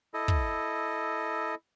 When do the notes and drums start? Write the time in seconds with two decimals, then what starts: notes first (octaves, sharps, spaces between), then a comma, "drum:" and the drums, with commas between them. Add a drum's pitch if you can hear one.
0.14 E4 A4 D#5
0.28 drum: kick